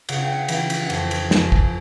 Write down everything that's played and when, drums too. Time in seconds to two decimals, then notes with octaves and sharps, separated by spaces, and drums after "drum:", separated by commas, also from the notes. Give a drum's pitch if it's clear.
0.09 C#3 F#5, drum: cymbal
0.21 G5
0.32 F#5
0.48 E3 G5, drum: cymbal
0.70 drum: cymbal
0.81 F#5
0.90 F2 G5, drum: cymbal
1.11 drum: cymbal
1.31 F2 G#5, drum: snare
1.52 drum: kick